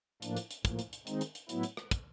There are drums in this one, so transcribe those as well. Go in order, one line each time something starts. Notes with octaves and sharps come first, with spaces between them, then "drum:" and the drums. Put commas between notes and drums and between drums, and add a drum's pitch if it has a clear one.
A2 F3 A#3 D4, drum: hi-hat
drum: hi-hat
drum: hi-hat
A2 F3 A#3, drum: kick, hi-hat
drum: hi-hat
drum: hi-hat
D#3 G#3 C4 D#4, drum: hi-hat
drum: hi-hat
drum: hi-hat
A2 F#3 B3 E4, drum: hi-hat
drum: hi-hat
drum: rim click
drum: kick, hi-hat